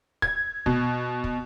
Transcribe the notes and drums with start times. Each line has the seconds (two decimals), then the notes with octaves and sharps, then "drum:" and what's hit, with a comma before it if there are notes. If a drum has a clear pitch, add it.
0.22 G#6, drum: kick
0.66 B2, drum: kick
1.24 drum: kick